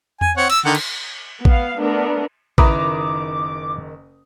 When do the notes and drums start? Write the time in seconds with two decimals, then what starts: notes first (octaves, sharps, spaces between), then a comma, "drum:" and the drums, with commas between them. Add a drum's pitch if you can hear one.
0.21 G#5, drum: tom E2
0.37 C4 C#5 F#5
0.50 E6, drum: cymbal
0.65 D3 D#3 F#5
0.75 drum: cymbal
1.45 B3 F5, drum: kick
1.80 A3 B3 D4 A#4
2.58 F#1 D#3 E4 B4 A#5 D6 D#6, drum: kick